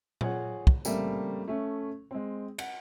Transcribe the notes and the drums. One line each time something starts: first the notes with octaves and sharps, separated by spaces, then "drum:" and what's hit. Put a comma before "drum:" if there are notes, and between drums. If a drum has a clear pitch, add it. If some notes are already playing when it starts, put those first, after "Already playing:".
F4 G#4 C#5 F#5, drum: tom A#2
drum: kick
C#3 G3 A3 A#3 C4, drum: tambourine
A3 C#4
G#3 C4
F#5, drum: cymbal